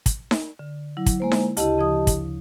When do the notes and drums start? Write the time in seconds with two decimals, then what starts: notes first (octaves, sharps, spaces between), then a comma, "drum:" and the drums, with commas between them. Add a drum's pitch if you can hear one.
0.06 drum: kick, hi-hat
0.31 drum: snare D#4
0.59 D3
0.97 F#3 E4
1.06 drum: kick, hi-hat
1.20 G#3 A#3 C5
1.32 drum: snare D#4
1.57 D2 C#3 E4 G4 D#5 A5, drum: hi-hat
1.78 C#3 F3 D#6
2.07 drum: kick, hi-hat